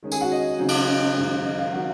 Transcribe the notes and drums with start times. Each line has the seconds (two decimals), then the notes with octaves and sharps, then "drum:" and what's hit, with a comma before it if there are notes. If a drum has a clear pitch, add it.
0.03 D#3 G#3 C#4
0.12 G#4 G#5, drum: tambourine
0.21 F#4 F#5
0.32 D#5
0.59 C#3 F#3 C4 D#4
0.68 drum: cymbal
0.88 D#5
1.16 F#2 D#3 G#3
1.45 D#5
1.58 F5
1.73 D#3 F#3 C4 F#4 F#5